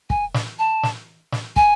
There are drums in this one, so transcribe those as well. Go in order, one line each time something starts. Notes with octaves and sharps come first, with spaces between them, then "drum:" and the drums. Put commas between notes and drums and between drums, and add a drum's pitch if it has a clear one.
G#5, drum: kick
drum: snare
A5
drum: snare
drum: snare
G#5, drum: kick